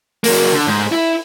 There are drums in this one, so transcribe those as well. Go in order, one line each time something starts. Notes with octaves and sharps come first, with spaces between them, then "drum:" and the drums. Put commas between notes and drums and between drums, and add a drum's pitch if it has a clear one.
F#3 A#3, drum: open hi-hat
D3
G#2
E4